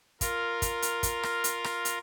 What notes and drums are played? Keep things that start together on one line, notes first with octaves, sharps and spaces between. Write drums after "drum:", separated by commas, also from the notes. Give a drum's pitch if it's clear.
F4 A#4, drum: kick, hi-hat
drum: kick, hi-hat
drum: hi-hat
drum: kick, hi-hat
drum: rim click
drum: hi-hat
drum: rim click
drum: hi-hat